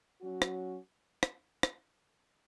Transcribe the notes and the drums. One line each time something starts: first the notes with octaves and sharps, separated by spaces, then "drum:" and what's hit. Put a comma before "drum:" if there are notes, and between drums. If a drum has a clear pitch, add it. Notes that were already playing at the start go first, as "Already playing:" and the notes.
F#3 C#4 F#4
drum: rim click
drum: rim click
drum: rim click